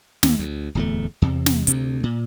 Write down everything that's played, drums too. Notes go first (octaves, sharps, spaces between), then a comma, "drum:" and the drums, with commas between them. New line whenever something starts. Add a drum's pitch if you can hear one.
D#2, drum: snare
D2
D1 E2 A3
E2 C3
drum: snare
D2 C3, drum: hi-hat
A#2